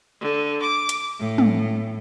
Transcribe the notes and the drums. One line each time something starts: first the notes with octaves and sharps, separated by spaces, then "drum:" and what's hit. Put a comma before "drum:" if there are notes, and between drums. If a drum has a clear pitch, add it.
D3
D6
drum: hi-hat
A2
drum: tom